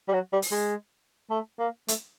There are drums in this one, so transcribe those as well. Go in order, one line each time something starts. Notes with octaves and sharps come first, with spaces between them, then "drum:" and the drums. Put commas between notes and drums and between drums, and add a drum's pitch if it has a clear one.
G3
F#3
G3
drum: open hi-hat
G#3
A3
A#3
A3, drum: hi-hat